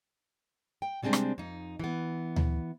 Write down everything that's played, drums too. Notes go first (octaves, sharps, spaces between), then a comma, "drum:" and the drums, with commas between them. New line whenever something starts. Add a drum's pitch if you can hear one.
G5
C3 G3 G#3 C4 D4
drum: rim click
F2 D#4
E3 B3
drum: tom D2